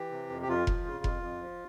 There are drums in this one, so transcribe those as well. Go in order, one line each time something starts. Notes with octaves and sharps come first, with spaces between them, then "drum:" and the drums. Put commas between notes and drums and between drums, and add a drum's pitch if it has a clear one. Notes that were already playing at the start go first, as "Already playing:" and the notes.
Already playing: E3 G4
C3
F2
G4
F2 F4
F3, drum: kick F1
C#3
F2, drum: kick F1
F2
F3